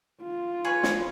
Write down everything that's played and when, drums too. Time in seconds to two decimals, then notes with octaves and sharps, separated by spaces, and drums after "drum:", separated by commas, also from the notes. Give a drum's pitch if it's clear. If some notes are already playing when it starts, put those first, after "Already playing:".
0.22 F4
0.65 G#4 B4 C#5
0.83 drum: snare